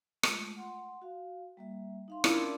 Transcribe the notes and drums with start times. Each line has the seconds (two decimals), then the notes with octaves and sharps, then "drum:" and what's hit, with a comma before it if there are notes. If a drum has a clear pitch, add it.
0.23 G#3 A3 F4, drum: rim click
0.56 F#5 C6
1.02 F#4 F5
1.57 G3 A#3 E5
2.08 D#4 F5 C6
2.24 C#4 D4 E4 F4 A#4, drum: rim click